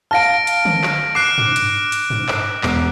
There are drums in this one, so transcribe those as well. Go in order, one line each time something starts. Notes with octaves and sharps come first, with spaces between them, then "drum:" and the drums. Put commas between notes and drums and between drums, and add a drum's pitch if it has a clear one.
F5 A5 F6 A#6 D7
drum: hi-hat
drum: tom
drum: clap
D6 F#6 C7 D7
drum: tom G2
drum: hi-hat
drum: hi-hat
drum: tom G2
drum: clap
E1, drum: clap